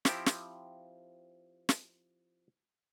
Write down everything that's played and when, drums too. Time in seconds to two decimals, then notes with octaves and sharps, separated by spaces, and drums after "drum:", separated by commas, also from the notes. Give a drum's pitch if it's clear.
0.05 F3 C4 E4 G4, drum: snare
0.26 drum: snare
1.69 drum: snare